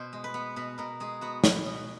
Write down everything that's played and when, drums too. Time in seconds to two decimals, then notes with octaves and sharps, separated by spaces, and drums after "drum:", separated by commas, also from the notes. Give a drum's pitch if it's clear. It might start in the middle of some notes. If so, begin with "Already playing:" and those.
Already playing: B2 C5
0.13 G#3
0.24 B4
0.34 B3
0.56 B2 B4
0.78 B2 A#4
1.00 G#3 G#4
1.21 B3 F#4
1.44 B2, drum: snare
1.66 B2